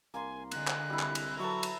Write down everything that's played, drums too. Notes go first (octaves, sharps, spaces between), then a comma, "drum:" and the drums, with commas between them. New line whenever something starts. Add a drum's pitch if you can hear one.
C2 A#3 G#5 C6
D3 G#3 F#6, drum: cymbal
drum: clap
C2 G3 E4
drum: clap
drum: cymbal
F#3 A4 B4 E5 A#5 C#6
drum: cymbal